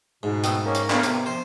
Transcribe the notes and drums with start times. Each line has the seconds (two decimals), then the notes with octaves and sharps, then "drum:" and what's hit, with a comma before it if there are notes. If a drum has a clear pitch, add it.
0.23 G#2 B2
0.44 A3 B3 G5 D#6 E6, drum: hi-hat
0.65 A#3 C#4 A#4
0.75 drum: hi-hat
0.90 A3 B3 D4 E5 F5, drum: clap
1.03 C3 B3, drum: hi-hat
1.26 F3 C5